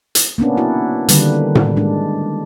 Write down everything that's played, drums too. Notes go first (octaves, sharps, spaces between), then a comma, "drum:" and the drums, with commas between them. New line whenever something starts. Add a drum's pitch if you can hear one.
drum: hi-hat
A#3 B3 C#4 D4
E4 F#4
D3 D#3 G3 A#3 B4, drum: hi-hat
drum: tom A2
G#3 D4